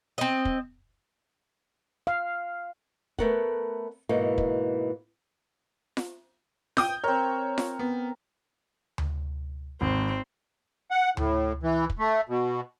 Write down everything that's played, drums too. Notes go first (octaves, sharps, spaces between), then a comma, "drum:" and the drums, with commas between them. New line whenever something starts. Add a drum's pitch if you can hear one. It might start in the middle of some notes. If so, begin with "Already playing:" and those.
C4 D#5
drum: kick
F5
A3 B3 A#4 C#5 F#5, drum: kick
G#2 B2 E3 A#3
drum: kick
drum: snare F4
G5 D#6 G6, drum: snare F4
C4 A#4 C#5
drum: snare F4
B3
drum: tom D2
G#1 C4
F#5
A2, drum: tom D2
E3
drum: kick
A3
B2